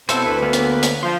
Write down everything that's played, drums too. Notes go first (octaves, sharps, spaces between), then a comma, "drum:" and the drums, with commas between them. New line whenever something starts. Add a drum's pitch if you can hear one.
B2 C4 E4 A4 C5, drum: hi-hat
D2 B4
A#3 B3
drum: hi-hat
drum: hi-hat
F3 C6